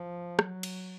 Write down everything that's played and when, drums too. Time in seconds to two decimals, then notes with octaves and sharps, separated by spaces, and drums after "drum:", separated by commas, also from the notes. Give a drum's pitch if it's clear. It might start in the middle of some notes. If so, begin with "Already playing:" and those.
Already playing: F3
0.39 F#3, drum: rim click
0.63 drum: cymbal